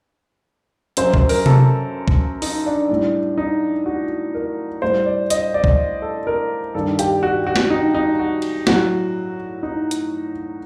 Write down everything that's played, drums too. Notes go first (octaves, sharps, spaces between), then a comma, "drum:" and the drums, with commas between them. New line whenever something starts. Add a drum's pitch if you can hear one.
F#2 F#3 C5, drum: hi-hat
C5, drum: kick C2
A#4, drum: open hi-hat
A4, drum: tom C3
drum: kick C2
D#4, drum: open hi-hat
D4
A2 G3
D#4
F#4
A#4
A2 G3 C5
D5
D#5, drum: hi-hat
D5
drum: kick C2
A4
A#4
G2 D#3 G3 A4
G4, drum: hi-hat
F#4
F#4
drum: snare
D#4
D#4
F#4
drum: cymbal
A2 F#3 F#4, drum: snare
D#4
drum: hi-hat